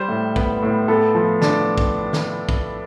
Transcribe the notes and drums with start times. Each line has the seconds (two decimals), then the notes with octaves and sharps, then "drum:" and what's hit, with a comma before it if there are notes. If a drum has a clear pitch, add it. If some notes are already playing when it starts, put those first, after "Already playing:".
Already playing: G3 C5
0.09 A2
0.36 B3, drum: kick
0.63 A2
0.88 B3 A4
1.15 F3
1.42 D4, drum: snare
1.78 drum: kick
2.13 drum: snare
2.49 drum: kick